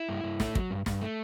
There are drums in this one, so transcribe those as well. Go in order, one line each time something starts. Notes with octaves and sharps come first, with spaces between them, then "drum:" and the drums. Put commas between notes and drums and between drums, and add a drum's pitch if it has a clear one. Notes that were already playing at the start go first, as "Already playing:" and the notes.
Already playing: E4
G2
G2
A3, drum: snare
F#3, drum: kick
G2
G2, drum: snare
A3